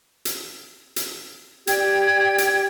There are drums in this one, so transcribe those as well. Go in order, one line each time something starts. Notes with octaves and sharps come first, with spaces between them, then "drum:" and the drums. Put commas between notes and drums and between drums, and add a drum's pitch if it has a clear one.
drum: hi-hat
drum: hi-hat
G4 D5 G5 G#6, drum: hi-hat
drum: hi-hat